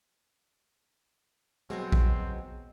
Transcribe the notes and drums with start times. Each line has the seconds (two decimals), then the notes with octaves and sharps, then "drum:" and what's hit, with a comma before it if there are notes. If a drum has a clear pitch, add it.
1.70 B2 F#3 G#3 C4
1.92 drum: kick A#1